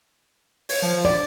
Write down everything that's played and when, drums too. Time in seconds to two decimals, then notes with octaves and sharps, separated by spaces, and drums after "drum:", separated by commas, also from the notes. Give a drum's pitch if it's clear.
0.69 C#5, drum: open hi-hat
0.82 F3
1.05 D5 D6